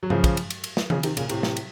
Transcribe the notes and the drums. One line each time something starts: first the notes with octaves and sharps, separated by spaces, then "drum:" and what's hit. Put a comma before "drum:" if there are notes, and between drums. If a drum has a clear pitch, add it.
F#3
C#3 F3, drum: tom G2
drum: kick, cymbal
drum: cymbal
drum: cymbal
drum: cymbal
drum: snare
C#3 F3, drum: tom D#3
C3 D#3, drum: cymbal
A#2 C#3, drum: cymbal
A2 C3, drum: cymbal
drum: snare
drum: cymbal